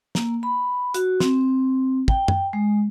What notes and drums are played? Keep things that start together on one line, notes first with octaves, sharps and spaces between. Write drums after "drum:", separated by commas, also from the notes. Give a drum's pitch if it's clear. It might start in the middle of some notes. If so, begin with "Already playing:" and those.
A#3, drum: snare
B5
F#4, drum: hi-hat
C4, drum: snare
G5, drum: kick
drum: tom
G#3